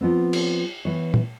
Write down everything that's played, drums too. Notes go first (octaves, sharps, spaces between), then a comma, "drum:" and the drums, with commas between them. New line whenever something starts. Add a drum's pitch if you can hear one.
F3 B3 C4
drum: cymbal
E3 B3 C#5
drum: tom